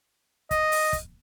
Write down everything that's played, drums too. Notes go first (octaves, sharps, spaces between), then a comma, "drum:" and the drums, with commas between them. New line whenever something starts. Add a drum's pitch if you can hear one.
D#5, drum: kick, hi-hat
drum: open hi-hat
drum: kick, hi-hat